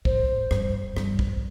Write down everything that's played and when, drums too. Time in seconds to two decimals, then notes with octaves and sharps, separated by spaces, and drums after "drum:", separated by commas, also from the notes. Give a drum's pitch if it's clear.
0.05 G#2 C5, drum: kick
0.51 G2, drum: rim click
0.97 G2, drum: rim click
1.19 drum: kick